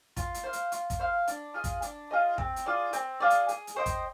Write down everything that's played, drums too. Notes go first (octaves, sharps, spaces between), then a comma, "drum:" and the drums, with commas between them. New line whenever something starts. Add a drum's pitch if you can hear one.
F4, drum: kick, hi-hat
drum: hi-hat
C5 F5
drum: hi-hat
F4, drum: hi-hat
drum: kick, hi-hat
C5 F5
D4, drum: hi-hat
F4 G#4 D#5
drum: kick, hi-hat
D4, drum: hi-hat
F4 G#4 D#5
C4, drum: kick
drum: hi-hat
F4 G#4 D5
C4, drum: hi-hat
F4 G#4 D5
drum: hi-hat
G#4, drum: hi-hat
drum: hi-hat
C5 D#5 G5
drum: kick, hi-hat